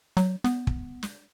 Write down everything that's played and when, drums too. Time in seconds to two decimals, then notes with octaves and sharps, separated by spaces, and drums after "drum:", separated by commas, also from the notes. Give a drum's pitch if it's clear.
0.17 F#3, drum: snare
0.44 B3, drum: snare
0.67 drum: kick
1.03 drum: snare